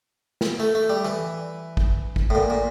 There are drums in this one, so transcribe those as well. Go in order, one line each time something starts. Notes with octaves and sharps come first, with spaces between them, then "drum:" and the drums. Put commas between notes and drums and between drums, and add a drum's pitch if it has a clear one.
drum: snare
A3
A3
G3
E3
drum: kick
drum: kick
A2
A#2
A#2